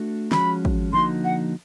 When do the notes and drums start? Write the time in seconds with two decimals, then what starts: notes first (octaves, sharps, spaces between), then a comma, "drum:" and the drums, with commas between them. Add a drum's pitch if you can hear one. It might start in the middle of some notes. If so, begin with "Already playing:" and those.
Already playing: A3 D4 F#4 A4
0.32 F3 G#3 C#4 F#4 B5, drum: snare
0.65 drum: kick
0.93 D3 F3 A#3 D#4 F#4 C6
1.24 F#5